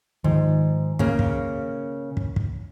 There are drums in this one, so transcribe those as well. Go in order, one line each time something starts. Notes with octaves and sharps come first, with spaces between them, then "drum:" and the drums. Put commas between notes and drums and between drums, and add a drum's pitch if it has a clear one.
G#2 D#3 F3
C#3 A#3, drum: kick
drum: kick
drum: kick
drum: kick